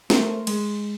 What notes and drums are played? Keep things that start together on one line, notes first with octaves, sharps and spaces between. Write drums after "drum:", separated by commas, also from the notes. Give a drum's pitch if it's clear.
A3 A#4 C5, drum: snare
G#3, drum: cymbal